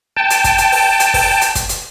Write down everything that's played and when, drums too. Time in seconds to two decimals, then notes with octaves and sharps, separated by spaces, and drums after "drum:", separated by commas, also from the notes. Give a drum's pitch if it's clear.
0.17 G5 A5
0.30 drum: hi-hat
0.44 drum: kick, hi-hat
0.58 drum: hi-hat
0.72 drum: open hi-hat
1.00 drum: hi-hat
1.14 drum: kick, open hi-hat
1.42 drum: hi-hat
1.55 drum: kick, hi-hat
1.69 drum: hi-hat